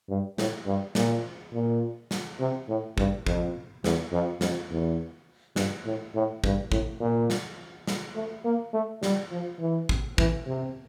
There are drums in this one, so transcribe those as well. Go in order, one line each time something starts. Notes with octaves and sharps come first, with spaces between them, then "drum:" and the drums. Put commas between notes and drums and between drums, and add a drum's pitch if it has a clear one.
G2
A2, drum: snare
G2
A#2, drum: snare
A#2
drum: snare
C3
A2
G2, drum: kick
F2, drum: kick
E2, drum: snare
F2
F2, drum: snare
E2
G2, drum: snare
A2
A2
G2, drum: kick
A2, drum: kick
A#2
drum: snare
drum: snare
A3
A#3
A3
G3, drum: snare
F3
E3
drum: kick
E3, drum: kick
C3